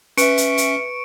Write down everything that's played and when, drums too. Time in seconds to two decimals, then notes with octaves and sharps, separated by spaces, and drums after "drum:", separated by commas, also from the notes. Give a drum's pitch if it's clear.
0.17 C#4 B4 E5 C#6 C#7 D7, drum: hi-hat
0.38 drum: hi-hat
0.58 drum: hi-hat